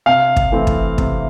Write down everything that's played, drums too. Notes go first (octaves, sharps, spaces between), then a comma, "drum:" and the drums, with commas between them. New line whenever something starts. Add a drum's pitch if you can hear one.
C3 F5
drum: kick
E3 A3 C4
drum: kick
C3, drum: kick